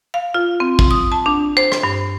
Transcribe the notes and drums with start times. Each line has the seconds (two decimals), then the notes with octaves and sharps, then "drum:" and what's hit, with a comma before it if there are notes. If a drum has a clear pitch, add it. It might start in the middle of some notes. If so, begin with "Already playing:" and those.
0.14 F5
0.34 F4
0.60 C4
0.79 drum: kick
0.91 D#6
1.12 A5
1.26 D4
1.57 C5
1.72 drum: rim click
1.83 G2